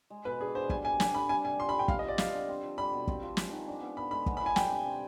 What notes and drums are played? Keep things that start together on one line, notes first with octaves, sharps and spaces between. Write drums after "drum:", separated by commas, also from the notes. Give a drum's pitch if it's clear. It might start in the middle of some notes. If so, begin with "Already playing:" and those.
G#3
B2 B4
D4 G#4
B3 C5
G3 G#5, drum: kick
C3 G#5
D4 G#5, drum: snare
G3 B5
G3 G#5
C3 G#5
F3 C6
B5
C3 G5
B3 F5, drum: kick
D#5
F3 D5
G3 F5, drum: snare
D3
C4
F3
G3 B5
B2
C4, drum: kick
F3
G#3, drum: snare
D#3
D4
B3
B3 B5
G#3 B5
B3, drum: kick
B5
F3 G#5
G3 G5, drum: snare
C3
C4